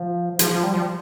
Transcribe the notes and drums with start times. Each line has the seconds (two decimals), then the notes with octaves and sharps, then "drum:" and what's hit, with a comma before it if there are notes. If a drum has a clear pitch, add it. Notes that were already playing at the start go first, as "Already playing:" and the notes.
Already playing: F3
0.39 F3, drum: hi-hat
0.51 F3
0.63 G3
0.74 F3